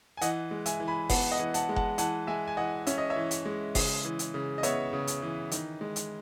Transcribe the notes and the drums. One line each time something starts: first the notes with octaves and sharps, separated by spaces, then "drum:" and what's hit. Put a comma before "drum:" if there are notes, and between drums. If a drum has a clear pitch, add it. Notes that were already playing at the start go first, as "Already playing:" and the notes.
G#5
E3 D#5 F#5, drum: hi-hat
G#3
E5 G#5, drum: hi-hat
E3
G#5 B5
B3 F#5 A5, drum: kick F#1, open hi-hat
D#5 F#5
E3
F#5 A5, drum: hi-hat
G#3
F#5 A5, drum: kick F#1
E3 F#5 A5, drum: hi-hat
G#3 E5 G#5
G#5
E3 D#5 F#5
C#4 E5, drum: hi-hat
D#5
C#5 E5
E3
drum: hi-hat
G#3
C#3, drum: kick F#1, open hi-hat
E3
drum: hi-hat
C#3
D#5
B3 C#5 E5, drum: hi-hat
C#3
drum: hi-hat
E3
D#3, drum: hi-hat
G#3
drum: hi-hat